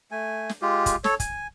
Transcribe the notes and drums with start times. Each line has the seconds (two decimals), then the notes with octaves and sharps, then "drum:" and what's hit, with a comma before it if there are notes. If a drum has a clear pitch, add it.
0.11 A3 G#5
0.49 drum: snare
0.62 G#3 F4 G4
0.86 drum: kick, hi-hat
1.04 A4 C#5, drum: snare
1.20 G#5, drum: kick, hi-hat